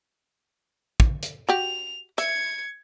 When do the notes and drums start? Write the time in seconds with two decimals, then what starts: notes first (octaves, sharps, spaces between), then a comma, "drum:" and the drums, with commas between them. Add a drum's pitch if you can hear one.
1.00 drum: kick
1.23 drum: hi-hat
1.49 F#4 G4 F7
2.18 E5 G#6 C#7, drum: hi-hat